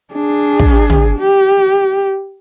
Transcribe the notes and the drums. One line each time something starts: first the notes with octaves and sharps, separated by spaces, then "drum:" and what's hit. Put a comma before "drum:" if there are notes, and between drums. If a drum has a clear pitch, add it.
D4 G#4
drum: kick
drum: tom
G4